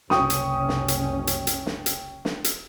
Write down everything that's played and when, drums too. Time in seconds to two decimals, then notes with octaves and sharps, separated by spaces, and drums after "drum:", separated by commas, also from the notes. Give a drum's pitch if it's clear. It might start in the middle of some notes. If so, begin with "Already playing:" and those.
0.10 F#1 C2 C#4 G5 C#6 D#6, drum: snare
0.30 drum: hi-hat
0.69 drum: snare
0.88 drum: hi-hat
1.27 drum: hi-hat
1.47 drum: hi-hat
1.66 drum: snare
1.86 drum: hi-hat
2.25 drum: snare
2.44 drum: hi-hat